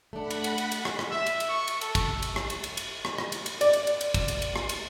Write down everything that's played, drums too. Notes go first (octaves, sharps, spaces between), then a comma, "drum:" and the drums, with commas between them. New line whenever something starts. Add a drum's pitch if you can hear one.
A3 D4 F#5 B5
drum: cymbal
drum: cymbal
drum: cymbal
drum: cymbal
drum: rim click
drum: rim click
E5
drum: cymbal
drum: cymbal
C#6
drum: cymbal
A4, drum: cymbal
drum: kick, cymbal
drum: cymbal
drum: rim click
drum: cymbal
drum: cymbal
drum: cymbal
drum: rim click
drum: rim click
drum: cymbal
drum: cymbal
D5, drum: cymbal
drum: cymbal
drum: cymbal
drum: cymbal
drum: kick, cymbal
drum: cymbal
drum: cymbal
drum: rim click
drum: cymbal